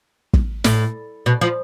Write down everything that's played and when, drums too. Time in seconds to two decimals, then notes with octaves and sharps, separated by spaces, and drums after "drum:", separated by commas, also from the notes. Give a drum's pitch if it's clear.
0.33 drum: kick
0.64 A2, drum: snare
1.26 B2
1.41 F3